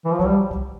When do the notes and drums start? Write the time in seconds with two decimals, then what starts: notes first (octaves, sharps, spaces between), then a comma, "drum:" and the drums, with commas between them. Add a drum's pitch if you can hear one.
0.05 E3
0.12 F3
0.19 F#3, drum: kick C2
0.27 G3
0.51 drum: kick C2